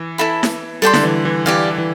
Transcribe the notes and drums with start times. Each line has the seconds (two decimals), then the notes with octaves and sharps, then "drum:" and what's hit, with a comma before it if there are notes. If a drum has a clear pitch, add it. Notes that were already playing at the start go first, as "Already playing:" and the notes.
Already playing: E3
0.18 E4 A4 E5 B5
0.43 drum: snare E4
0.82 G3 A4 D5 G5 C6
0.93 D3, drum: snare E4
1.03 E3
1.25 E3
1.46 E3 G4 D5 F5
1.78 E3